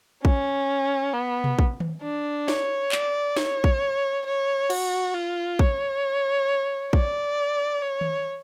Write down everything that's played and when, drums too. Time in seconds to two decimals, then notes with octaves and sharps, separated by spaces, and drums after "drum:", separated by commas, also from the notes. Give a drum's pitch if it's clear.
0.25 C#4, drum: kick
1.14 B3
1.44 drum: tom B2
1.59 drum: kick
1.80 drum: tom D#3
2.03 D4
2.48 C#5, drum: snare
2.92 D5, drum: clap
3.36 C#5, drum: snare
3.64 drum: kick
4.26 C#5
4.70 F#4, drum: cymbal
5.15 F4
5.59 C#5, drum: kick
6.93 D5, drum: kick
7.82 C#5
8.01 drum: tom D#3